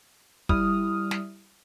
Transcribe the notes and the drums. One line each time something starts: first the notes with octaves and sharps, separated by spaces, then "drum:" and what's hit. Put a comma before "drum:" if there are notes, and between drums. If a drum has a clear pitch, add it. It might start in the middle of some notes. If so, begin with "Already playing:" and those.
G3 E4 D#6 F6, drum: kick
drum: snare